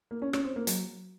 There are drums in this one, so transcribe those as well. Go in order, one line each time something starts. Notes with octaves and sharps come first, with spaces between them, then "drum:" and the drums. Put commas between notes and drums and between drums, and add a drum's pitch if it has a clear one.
A#3
C#4
C#4, drum: rim click
C4
A#3
F#3, drum: hi-hat